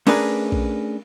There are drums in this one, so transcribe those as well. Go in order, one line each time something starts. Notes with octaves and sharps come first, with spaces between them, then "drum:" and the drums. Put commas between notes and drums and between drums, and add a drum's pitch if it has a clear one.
A3 C#4 D4 G#4 A#4 B4, drum: cymbal
drum: kick A#1